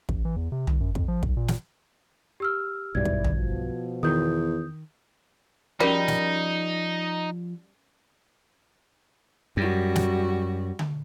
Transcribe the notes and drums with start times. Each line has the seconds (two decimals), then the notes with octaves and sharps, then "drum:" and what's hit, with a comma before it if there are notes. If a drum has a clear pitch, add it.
0.09 A1, drum: kick
0.25 E3
0.36 E2
0.52 C3
0.67 C2, drum: tom
0.80 F#2
0.95 F2, drum: kick
1.08 F3
1.23 B1, drum: kick
1.37 A#2
1.48 drum: snare
2.40 G4 E6 F6
2.95 F#1 B1 G2 E4 D5 G#6
3.05 drum: kick
3.24 drum: tom
3.35 B2 F3
4.03 E2 D#3 D#6 G6
5.80 F3 G3 C#4 D#4 F#4 A#4
6.08 drum: snare
9.57 F#2 G3 F#4
9.96 drum: snare
10.79 drum: tom D3